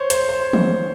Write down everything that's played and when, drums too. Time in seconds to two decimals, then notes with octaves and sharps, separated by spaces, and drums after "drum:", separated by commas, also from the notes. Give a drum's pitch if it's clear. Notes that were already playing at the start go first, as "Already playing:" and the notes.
Already playing: C5 C#5
0.10 C5, drum: hi-hat
0.29 C5
0.53 drum: tom